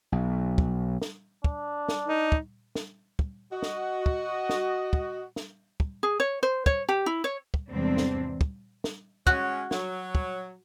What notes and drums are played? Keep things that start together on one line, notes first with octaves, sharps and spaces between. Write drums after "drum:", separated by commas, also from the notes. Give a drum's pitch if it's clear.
B1
drum: kick
drum: snare
D4, drum: kick
drum: snare
D#4
drum: kick
drum: snare
drum: kick
F#4 D#5
drum: snare
drum: kick
drum: snare
drum: kick
drum: snare
drum: kick
G#4
C#5
C5
C#5, drum: kick
G4
E4
C#5
drum: kick
E2 G#2 C3 G3 C4 D4
drum: snare
drum: kick
drum: snare
G#3 C#4 F#4 F#6, drum: kick
F#3, drum: snare
drum: kick